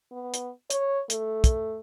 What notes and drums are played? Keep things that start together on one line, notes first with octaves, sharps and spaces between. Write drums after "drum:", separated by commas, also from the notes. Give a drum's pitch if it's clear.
B3
drum: hi-hat
C#5, drum: hi-hat
A3, drum: hi-hat
drum: kick, hi-hat